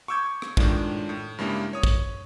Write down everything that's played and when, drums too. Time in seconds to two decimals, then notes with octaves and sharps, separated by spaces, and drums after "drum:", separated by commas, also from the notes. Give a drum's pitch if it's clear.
0.08 C#6 D6 E6 G6 G#6
0.42 drum: rim click
0.57 A2 D#3 G#3 D4 F4, drum: kick
1.09 A2
1.38 G2 C#3 G#3 A#3 E4 G4
1.73 C#5 D#6
1.83 drum: kick